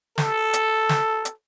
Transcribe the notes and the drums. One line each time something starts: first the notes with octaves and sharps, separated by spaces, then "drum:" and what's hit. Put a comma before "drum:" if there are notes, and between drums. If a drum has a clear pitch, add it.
A4, drum: snare
drum: hi-hat
drum: snare
drum: hi-hat